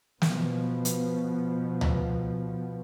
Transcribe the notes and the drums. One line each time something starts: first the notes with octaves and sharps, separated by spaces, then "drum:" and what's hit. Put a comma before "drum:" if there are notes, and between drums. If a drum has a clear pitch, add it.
B2 F3 B3, drum: snare
drum: hi-hat
drum: tom C#2